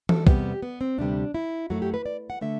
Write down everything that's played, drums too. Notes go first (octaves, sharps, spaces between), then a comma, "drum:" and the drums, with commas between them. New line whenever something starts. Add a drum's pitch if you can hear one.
A4, drum: tom E3
E2 C3 G3 B3 G4, drum: kick
B3
C4
D2 C3 G3 B3 D4
E4
F#2 F#3 A3 F#4
G4
B4
D5
F#5
D3 A3 E5